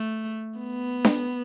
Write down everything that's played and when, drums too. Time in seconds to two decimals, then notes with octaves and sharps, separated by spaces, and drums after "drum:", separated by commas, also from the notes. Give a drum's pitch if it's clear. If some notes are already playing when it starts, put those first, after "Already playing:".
Already playing: A3
0.58 B3
1.05 drum: snare D4